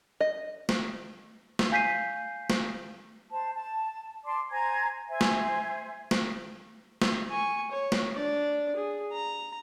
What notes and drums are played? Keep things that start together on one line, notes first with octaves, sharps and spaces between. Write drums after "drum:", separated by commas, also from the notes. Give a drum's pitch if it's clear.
D#5
drum: snare
drum: snare
F5 G#5 G6 B6 C7 D#7
drum: snare
C5 A5
A5
D5 A5 C6 D6
C5 G#5 A#5 G#6
C5 E5 G#5
drum: snare
drum: snare
drum: snare
G#5 C#6
C#5
drum: snare
D4 D5
G#4
A#5